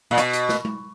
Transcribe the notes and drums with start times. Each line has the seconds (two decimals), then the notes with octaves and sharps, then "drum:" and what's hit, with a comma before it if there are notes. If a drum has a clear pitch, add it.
0.11 A#2
0.17 B2, drum: hi-hat
0.33 drum: hi-hat
0.49 drum: snare
0.65 drum: tom G#3